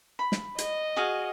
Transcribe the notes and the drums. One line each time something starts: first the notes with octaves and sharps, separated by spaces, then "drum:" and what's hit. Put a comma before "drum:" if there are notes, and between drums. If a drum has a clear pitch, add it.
B5
drum: snare
D#5, drum: hi-hat
F#4 G#4 F5